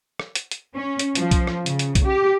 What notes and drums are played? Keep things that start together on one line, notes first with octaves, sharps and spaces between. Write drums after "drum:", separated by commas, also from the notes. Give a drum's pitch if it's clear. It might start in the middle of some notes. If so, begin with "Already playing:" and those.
drum: rim click
drum: hi-hat
drum: hi-hat
C#4
drum: hi-hat
F3, drum: hi-hat
drum: kick, hi-hat
drum: rim click
C#3, drum: hi-hat
drum: hi-hat
drum: kick, hi-hat
G4